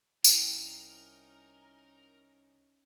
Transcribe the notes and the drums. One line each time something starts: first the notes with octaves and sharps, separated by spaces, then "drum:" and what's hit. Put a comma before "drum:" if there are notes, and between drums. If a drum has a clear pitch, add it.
C2 C#4 D#4 E4 A#4 G5, drum: tambourine